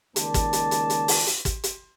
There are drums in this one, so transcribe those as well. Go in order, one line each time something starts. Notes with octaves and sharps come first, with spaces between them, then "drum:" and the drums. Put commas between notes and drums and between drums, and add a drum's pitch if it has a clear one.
C#2 D#3 A#3 D5 A5, drum: hi-hat
drum: kick, hi-hat
drum: hi-hat
drum: hi-hat
drum: hi-hat
drum: open hi-hat
drum: hi-hat
drum: kick, hi-hat
drum: hi-hat